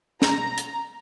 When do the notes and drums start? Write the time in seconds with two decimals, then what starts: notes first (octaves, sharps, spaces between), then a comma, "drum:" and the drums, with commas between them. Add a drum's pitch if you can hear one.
0.22 A#5, drum: snare
0.58 drum: hi-hat